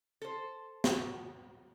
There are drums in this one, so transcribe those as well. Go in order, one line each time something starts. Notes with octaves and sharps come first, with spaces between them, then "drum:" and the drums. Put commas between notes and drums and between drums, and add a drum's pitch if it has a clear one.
A4 C5
F#4, drum: snare